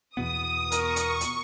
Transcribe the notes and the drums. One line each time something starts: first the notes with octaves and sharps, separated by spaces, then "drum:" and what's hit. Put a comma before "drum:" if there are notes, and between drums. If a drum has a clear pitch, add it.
E2 B2 B3 D#6
A#4 C#6, drum: hi-hat
drum: hi-hat
drum: hi-hat